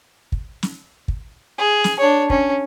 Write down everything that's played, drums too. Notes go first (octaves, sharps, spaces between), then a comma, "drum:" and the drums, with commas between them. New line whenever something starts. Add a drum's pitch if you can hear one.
drum: kick
drum: snare
drum: kick
G#4
drum: snare
D4 C#5
C#4, drum: kick